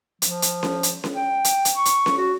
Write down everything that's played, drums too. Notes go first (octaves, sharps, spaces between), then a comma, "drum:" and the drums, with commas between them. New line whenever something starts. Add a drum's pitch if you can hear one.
F3, drum: hi-hat
drum: hi-hat
drum: snare C#4
drum: hi-hat
drum: snare C#4
G5
drum: hi-hat
drum: hi-hat
C#6
drum: hi-hat
drum: snare C#4
F#4